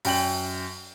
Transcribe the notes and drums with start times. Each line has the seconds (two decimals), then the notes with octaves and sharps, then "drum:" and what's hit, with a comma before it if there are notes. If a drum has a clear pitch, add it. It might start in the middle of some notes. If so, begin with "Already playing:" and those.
0.05 F#2 G5 F#7, drum: open hi-hat